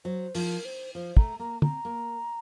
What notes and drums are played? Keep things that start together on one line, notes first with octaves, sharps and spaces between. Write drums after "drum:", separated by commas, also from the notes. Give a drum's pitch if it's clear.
F#3 C5
F3 A#4, drum: open hi-hat
C5
F3 C5
A3 A#5, drum: kick
A#3 A#5
C4 A#5, drum: tom
A#3